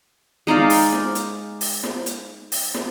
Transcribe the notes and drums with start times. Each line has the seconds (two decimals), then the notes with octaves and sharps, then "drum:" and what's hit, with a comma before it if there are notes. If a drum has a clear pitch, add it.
0.47 G#3 D#4 D5 F5
0.70 drum: open hi-hat
0.93 drum: snare
1.15 drum: hi-hat
1.61 drum: open hi-hat
1.83 drum: snare
2.06 drum: hi-hat
2.52 drum: open hi-hat
2.74 drum: snare